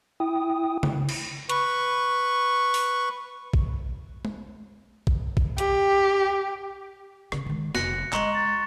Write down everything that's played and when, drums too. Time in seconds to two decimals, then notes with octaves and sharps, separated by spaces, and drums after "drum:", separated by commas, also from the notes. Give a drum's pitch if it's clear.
0.20 E4 G5 D#6
0.83 drum: tom C#3
1.09 drum: cymbal
1.49 B4 C#6, drum: hi-hat
2.74 drum: open hi-hat
3.54 drum: kick A1
4.25 drum: tom G#3
5.07 drum: kick A1
5.37 drum: kick A1
5.58 G4, drum: hi-hat
7.32 C#3, drum: rim click
7.46 D#3 G#3
7.75 F1 F#6 A#6 C#7, drum: snare
8.13 G#3 D#5 A#5 C6 C#6, drum: clap
8.34 A6